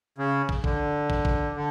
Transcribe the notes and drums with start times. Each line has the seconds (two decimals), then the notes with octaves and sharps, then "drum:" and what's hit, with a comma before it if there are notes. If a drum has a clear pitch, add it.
0.18 C#3
0.49 drum: kick
0.64 D3, drum: kick
1.10 drum: kick
1.25 drum: kick
1.56 D3